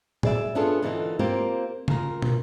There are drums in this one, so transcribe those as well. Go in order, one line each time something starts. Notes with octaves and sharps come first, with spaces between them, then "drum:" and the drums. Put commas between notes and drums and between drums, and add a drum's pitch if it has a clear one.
G#4 D5 E5, drum: tom
B3 C#4 D4 F4 G#4 A4
A#2 D3 E3 D4 D#4 A4
A#3 C4 F4 G4 A#4 C5
A#2 A#4, drum: tom C#3
drum: tom